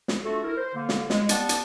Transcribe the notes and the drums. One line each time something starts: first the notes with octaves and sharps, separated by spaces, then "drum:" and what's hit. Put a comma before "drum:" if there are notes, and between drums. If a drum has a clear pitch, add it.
drum: snare
A3 D4 F4 F#4 A4
E4 A#4
C5
D3 A#3
drum: snare
G#3, drum: snare
B3 C4 G4 D5 F#5 A5, drum: hi-hat
drum: hi-hat